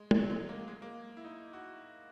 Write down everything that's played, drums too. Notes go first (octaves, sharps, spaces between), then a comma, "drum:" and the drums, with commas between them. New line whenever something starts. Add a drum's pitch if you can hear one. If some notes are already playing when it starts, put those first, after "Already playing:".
Already playing: G#3
G#3, drum: tom
F#3
G#3
A#3
G#3
A#3
E4
D#4
F#4